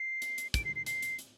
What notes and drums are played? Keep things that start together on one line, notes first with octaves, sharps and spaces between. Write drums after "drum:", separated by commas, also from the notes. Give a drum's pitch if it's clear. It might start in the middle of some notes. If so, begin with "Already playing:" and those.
Already playing: C7
drum: hi-hat
drum: hi-hat
D7, drum: kick, hi-hat
C7
C7
C7, drum: hi-hat
drum: hi-hat
drum: hi-hat